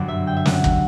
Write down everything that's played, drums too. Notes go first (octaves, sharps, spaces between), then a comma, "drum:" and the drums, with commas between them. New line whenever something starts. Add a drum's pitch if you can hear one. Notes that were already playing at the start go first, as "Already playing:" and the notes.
Already playing: G1 F#2 B2 D3 D5
E5
G5
E5
F#5, drum: snare
drum: kick